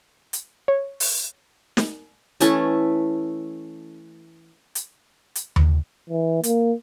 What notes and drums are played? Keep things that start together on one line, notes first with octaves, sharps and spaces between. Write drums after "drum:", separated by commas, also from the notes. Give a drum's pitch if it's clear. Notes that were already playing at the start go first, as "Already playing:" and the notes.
drum: hi-hat
C#5
drum: open hi-hat
drum: snare
E3 A3 C#4 A4, drum: hi-hat
drum: hi-hat
drum: hi-hat
drum: tom D#2
E3
A#3, drum: hi-hat